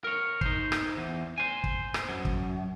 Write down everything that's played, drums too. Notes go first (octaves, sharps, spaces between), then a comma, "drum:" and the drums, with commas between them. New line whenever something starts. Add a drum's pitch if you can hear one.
A#4 C#5
D#4 C5, drum: kick
drum: rim click
E2
C5 G#5
drum: kick
drum: rim click
F#2
drum: kick